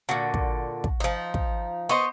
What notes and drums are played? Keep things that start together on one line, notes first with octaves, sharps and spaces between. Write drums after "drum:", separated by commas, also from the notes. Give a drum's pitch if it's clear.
A#2 D3 F#4
drum: kick
drum: kick
F3 D#4
drum: kick
B3 C5 D#5 C#6